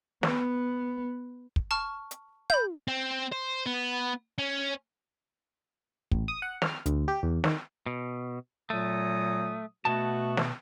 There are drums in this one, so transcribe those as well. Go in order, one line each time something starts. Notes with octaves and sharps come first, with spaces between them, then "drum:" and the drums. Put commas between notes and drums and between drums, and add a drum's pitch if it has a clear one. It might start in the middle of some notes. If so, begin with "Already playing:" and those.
B3, drum: snare
drum: kick
A5 C#6 F6
drum: hi-hat
B5 G6, drum: tom
C4
C5
B3
C#4
A1, drum: kick
D#6
F#5
F6, drum: snare
D2, drum: hi-hat
G4
E2
D#3, drum: snare
B2
A#2 F#3 A3 D#6
B2 A3 B3 F#4 A5
drum: snare